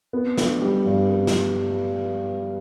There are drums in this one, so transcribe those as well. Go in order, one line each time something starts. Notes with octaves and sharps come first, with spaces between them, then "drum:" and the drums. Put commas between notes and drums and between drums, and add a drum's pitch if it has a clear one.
B3
D3, drum: snare
G3
G2
B3
drum: snare